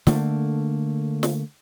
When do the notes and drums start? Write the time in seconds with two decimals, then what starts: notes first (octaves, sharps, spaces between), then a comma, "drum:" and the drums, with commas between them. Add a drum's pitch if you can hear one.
0.07 D3 A3 A#3, drum: snare
1.23 drum: snare